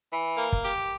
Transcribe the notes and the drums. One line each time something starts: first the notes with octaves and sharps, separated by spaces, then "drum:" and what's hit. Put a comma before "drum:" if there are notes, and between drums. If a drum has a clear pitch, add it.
E3
A#3
drum: kick
G4